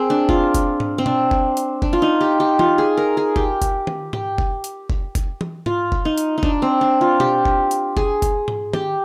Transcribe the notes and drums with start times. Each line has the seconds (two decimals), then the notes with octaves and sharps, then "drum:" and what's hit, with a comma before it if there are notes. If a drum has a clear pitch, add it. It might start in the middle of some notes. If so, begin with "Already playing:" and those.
Already playing: C4 G#4 A#4
0.10 D4
0.29 F4, drum: kick
0.55 drum: kick, hi-hat
0.80 drum: tom G#2
0.98 C4
1.06 D4, drum: tom B2
1.31 drum: kick
1.57 drum: hi-hat
1.82 D4, drum: kick
1.93 F4
2.02 D#4
2.21 G4
2.40 G4
2.59 F4, drum: tom E3
2.78 G#4
2.97 A#4
3.17 G#4
3.36 G4, drum: kick
3.62 drum: kick, hi-hat
3.87 drum: tom D#3
4.13 G4, drum: tom G#2
4.38 drum: kick
4.64 drum: hi-hat
4.90 drum: kick
5.15 drum: kick, hi-hat
5.41 drum: tom E3
5.66 F4, drum: tom G#2
5.92 drum: kick
6.05 D#4
6.18 drum: hi-hat
6.38 D#4
6.43 D4, drum: kick
6.62 C4
6.81 D4
7.01 F4
7.20 G4, drum: tom B2
7.45 drum: kick
7.71 drum: hi-hat
7.97 G#4, drum: kick
8.22 drum: kick, hi-hat
8.48 drum: tom G#2
8.73 G4, drum: tom D#3